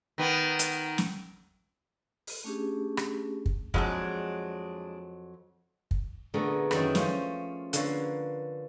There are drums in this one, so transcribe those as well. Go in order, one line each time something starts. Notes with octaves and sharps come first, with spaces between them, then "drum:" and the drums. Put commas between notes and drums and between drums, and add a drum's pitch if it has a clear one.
D#3 B3
drum: hi-hat
drum: snare
drum: open hi-hat
A3 C#4 D4 G4 G#4
drum: rim click
drum: kick
F2 F#3 G#3 D4, drum: kick
drum: kick
A#2 D3 A3 B3 G#4 A#4
F#2 D#3 F#3 A3 E4, drum: rim click
F3 C#4 F4 C5, drum: snare
D3 A#3 B4 C#5 F5 G#5, drum: hi-hat